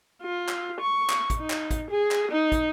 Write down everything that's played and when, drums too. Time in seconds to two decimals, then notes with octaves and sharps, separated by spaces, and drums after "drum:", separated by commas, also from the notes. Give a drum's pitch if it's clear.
0.23 F4
0.49 drum: clap
0.81 C#6
1.10 drum: clap
1.30 drum: kick, hi-hat
1.40 D#4
1.50 drum: clap
1.71 drum: kick, hi-hat
1.90 G#4
2.11 drum: clap
2.32 D#4
2.52 drum: kick, hi-hat